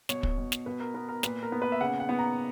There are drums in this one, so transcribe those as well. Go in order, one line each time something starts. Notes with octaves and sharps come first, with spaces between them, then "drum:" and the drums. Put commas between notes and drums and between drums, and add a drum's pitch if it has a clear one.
B2 C#5, drum: snare
drum: kick
B2
drum: snare
B2 B4
A#4
B3 A#4
A#4
A#2 B4, drum: snare
A#4
B3
B4
E5
C#3 F#5
F#5
B3
A#5